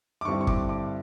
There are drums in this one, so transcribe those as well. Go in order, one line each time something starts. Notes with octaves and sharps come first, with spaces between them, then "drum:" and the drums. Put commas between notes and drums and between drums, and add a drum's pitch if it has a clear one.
D6
G2 D3 G3 C4 E4 C#6
C#6
D6, drum: kick
D6